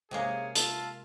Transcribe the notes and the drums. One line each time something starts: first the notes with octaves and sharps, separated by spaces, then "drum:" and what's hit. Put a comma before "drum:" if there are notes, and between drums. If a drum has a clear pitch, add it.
C3 G#3 A#3 C#4 G#4
F4 E5 A5, drum: hi-hat